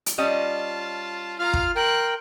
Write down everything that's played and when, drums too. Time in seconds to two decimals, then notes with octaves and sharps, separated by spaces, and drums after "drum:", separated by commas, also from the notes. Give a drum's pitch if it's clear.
0.06 drum: hi-hat
0.18 G3 C#4 F4 D#5 A5
1.39 F4 F5 A#5 F6
1.53 drum: kick
1.76 A#4 G5 C6 F#6